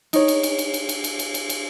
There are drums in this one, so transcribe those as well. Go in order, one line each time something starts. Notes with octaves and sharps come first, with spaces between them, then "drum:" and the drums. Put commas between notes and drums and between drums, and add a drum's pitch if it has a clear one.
D#4 C#5, drum: cymbal
drum: cymbal
drum: cymbal
drum: cymbal
drum: cymbal
drum: cymbal
drum: cymbal
drum: cymbal
drum: cymbal
drum: cymbal